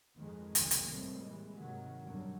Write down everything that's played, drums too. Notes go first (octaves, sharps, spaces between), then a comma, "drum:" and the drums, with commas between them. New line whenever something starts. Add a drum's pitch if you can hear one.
F2 D#3 G#3
F#1 C2 D#3, drum: hi-hat
drum: hi-hat
D#2 A2 C3 G3 A3 C4
E3 G3 G#3
G#2 C3 D#3 F#3
B1 F#2 D3 F#3 G3